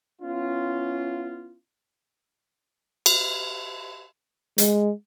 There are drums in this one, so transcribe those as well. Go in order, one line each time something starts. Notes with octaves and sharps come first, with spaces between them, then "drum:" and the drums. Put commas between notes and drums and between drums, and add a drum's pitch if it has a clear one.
B3 C#4 E4 F4
drum: cymbal
G#3, drum: hi-hat